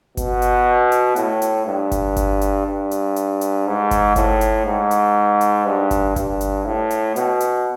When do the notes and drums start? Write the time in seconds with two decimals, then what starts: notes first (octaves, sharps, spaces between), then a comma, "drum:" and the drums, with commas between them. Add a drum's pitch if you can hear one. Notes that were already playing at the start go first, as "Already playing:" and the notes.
0.17 B2, drum: kick G1, hi-hat
0.42 drum: hi-hat
0.92 drum: hi-hat
1.16 A2, drum: hi-hat
1.42 drum: hi-hat
1.66 G2
1.92 drum: kick G1, hi-hat
2.16 drum: kick G1, hi-hat
2.41 drum: hi-hat
2.66 G2
2.91 drum: hi-hat
3.16 drum: hi-hat
3.41 drum: hi-hat
3.67 G#2
3.91 drum: kick G1, hi-hat
4.16 A2, drum: kick G1, hi-hat
4.41 drum: hi-hat
4.65 G#2
4.91 drum: hi-hat
5.41 drum: hi-hat
5.66 G2
5.91 drum: kick G1, hi-hat
6.16 G2, drum: kick G1, hi-hat
6.41 drum: hi-hat
6.65 A2
6.91 drum: hi-hat
7.16 B2, drum: hi-hat
7.40 drum: hi-hat